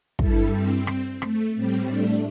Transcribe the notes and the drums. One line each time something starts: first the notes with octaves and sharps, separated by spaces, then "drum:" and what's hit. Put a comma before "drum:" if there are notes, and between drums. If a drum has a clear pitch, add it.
G2 G3 E4 A4, drum: kick
C4
drum: rim click
A3, drum: rim click
A2 G3 C4
A3 D4